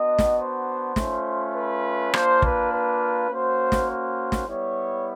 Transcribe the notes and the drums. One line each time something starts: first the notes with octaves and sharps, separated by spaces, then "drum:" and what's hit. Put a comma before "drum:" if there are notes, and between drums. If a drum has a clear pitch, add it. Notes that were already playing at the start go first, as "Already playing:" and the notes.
Already playing: B3 D4 F#4 D#5
drum: snare
C5
A3 C#4 F4, drum: snare
B4
A#3 D4 F4 C5, drum: rim click
B4, drum: kick
B4
A#3 C#4 F#4 C5
drum: snare
C5
drum: snare
G3 B3 E4 C#5